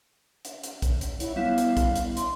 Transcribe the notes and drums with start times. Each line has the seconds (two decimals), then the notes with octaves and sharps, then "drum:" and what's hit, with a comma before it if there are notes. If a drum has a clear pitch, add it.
0.45 drum: hi-hat
0.64 drum: hi-hat
0.82 drum: kick B1, hi-hat
1.01 drum: hi-hat
1.20 E4 C#5 F#5, drum: hi-hat
1.36 G3 B3 E4 F5
1.58 drum: hi-hat
1.77 drum: kick B1, hi-hat
1.96 drum: hi-hat
2.17 C6, drum: hi-hat